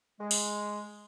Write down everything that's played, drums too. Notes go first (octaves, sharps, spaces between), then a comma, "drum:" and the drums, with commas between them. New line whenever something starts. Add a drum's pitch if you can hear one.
G#3
drum: open hi-hat